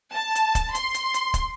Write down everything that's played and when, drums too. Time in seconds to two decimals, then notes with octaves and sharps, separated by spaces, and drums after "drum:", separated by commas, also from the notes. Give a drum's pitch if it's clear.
0.13 A5
0.35 drum: hi-hat
0.55 drum: kick, hi-hat
0.75 C6, drum: hi-hat
0.94 drum: hi-hat
1.14 drum: hi-hat
1.34 drum: kick, hi-hat